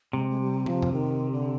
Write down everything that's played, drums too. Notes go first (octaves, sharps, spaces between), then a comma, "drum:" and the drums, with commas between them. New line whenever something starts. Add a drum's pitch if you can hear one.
C3 G#3
G#3
G3
F3, drum: tom
drum: tom F2
D#3
D3